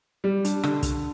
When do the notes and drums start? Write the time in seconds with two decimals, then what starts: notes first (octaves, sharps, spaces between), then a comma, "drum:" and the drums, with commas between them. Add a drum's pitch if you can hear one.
0.24 G3
0.45 D4, drum: hi-hat
0.63 D3, drum: rim click
0.83 D3, drum: kick, hi-hat